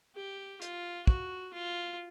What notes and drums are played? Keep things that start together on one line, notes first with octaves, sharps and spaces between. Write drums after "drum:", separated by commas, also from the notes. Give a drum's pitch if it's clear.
G4
F4, drum: hi-hat
F#4, drum: kick
F4